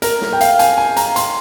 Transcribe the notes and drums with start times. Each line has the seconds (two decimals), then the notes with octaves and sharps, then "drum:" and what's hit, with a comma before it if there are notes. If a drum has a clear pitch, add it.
0.02 A#4, drum: hi-hat
0.21 drum: snare
0.33 G5
0.41 F5, drum: hi-hat
0.59 G#5, drum: hi-hat
0.78 G#5
0.97 A#5, drum: hi-hat
1.16 C6, drum: hi-hat